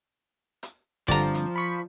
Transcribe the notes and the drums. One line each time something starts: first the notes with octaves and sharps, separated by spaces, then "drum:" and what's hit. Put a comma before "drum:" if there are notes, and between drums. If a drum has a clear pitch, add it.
drum: hi-hat
G2 D3 F3 C4 D5 A#5, drum: kick
drum: hi-hat
B5 C#6 B6